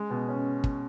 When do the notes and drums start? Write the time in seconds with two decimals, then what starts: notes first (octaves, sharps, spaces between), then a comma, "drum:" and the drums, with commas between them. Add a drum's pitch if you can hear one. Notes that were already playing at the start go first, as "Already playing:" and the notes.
Already playing: G#3
0.10 B2
0.29 C#4
0.64 drum: kick